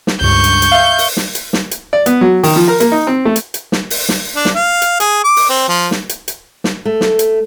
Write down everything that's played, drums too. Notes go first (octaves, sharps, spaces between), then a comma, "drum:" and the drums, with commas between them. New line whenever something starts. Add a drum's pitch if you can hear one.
drum: snare
C#2 G2 C#6 G6
drum: hi-hat
drum: hi-hat
E5 F5
drum: open hi-hat
drum: snare
drum: hi-hat
drum: snare
drum: hi-hat
D5
B3, drum: hi-hat
F#3
D#3, drum: open hi-hat
F3
A#4
A#3, drum: hi-hat
D#4
C4
A3
drum: hi-hat
drum: hi-hat
drum: snare
drum: open hi-hat
drum: snare
D4
drum: snare
F5
drum: hi-hat
G#4, drum: hi-hat
D6
drum: open hi-hat
C4
F3
drum: snare
drum: hi-hat
drum: hi-hat
drum: snare
A3
drum: snare
drum: hi-hat